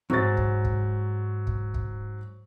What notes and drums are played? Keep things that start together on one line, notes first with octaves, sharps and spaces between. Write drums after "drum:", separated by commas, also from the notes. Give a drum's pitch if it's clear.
E2 G#2 F#3 C5 A6
drum: kick
drum: kick
drum: kick
drum: kick